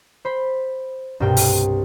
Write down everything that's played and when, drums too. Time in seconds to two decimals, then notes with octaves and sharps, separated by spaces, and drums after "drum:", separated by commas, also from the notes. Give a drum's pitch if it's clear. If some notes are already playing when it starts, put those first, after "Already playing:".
0.25 C5 B5
1.20 C2 G2 B2 A#4 G5
1.37 drum: open hi-hat